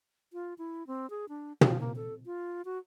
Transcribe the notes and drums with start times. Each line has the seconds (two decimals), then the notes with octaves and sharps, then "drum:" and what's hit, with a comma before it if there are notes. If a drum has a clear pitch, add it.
0.33 F4
0.58 E4
0.87 C4
1.10 G#4
1.29 D4
1.61 F3, drum: tom
1.81 A#3
1.96 A4
2.26 F4
2.65 F#4